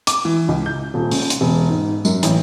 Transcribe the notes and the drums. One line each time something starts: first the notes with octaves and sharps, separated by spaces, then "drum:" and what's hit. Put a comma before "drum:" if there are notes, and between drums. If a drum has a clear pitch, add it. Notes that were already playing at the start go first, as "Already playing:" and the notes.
D6, drum: hi-hat
E3
C#2
G6
D#1
C#3, drum: open hi-hat
drum: hi-hat
E1
G#2
F#2, drum: tambourine
A1, drum: hi-hat